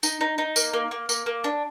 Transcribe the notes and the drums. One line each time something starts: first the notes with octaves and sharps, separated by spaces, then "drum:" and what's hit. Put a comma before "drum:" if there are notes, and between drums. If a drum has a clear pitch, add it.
D#4, drum: tambourine
D#4
D#4
A#3, drum: tambourine
A#3
A#3
A#3, drum: tambourine
A#3
D4